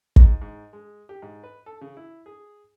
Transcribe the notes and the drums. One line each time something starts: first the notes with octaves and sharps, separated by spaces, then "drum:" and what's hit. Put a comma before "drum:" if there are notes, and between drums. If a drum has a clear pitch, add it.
G#2, drum: kick
G#2
G#3
G4
G#2
B4
A4
C#3
E4
G#4